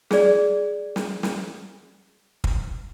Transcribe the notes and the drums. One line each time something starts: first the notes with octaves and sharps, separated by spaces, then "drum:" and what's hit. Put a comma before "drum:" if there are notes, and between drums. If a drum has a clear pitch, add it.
G#4 D5, drum: snare
drum: snare
drum: snare
drum: kick